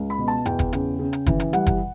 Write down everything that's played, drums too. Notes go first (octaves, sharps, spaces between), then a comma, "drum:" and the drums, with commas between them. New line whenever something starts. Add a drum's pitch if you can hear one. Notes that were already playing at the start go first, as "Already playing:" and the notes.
Already playing: C#2
B5
B2
A5
E2 G5, drum: hi-hat
drum: kick F#1, hi-hat
C#3, drum: hi-hat
C#3
drum: hi-hat
E3, drum: kick F#1, hi-hat
drum: hi-hat
G3 F#5, drum: hi-hat
drum: kick F#1, hi-hat